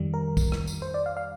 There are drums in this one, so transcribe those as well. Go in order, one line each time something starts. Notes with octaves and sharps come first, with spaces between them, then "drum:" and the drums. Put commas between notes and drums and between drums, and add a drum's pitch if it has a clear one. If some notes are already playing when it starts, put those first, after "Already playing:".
Already playing: F2 D#3 G3
A#4
drum: kick, tambourine
drum: rim click
drum: tambourine
C5
D5
F5
F5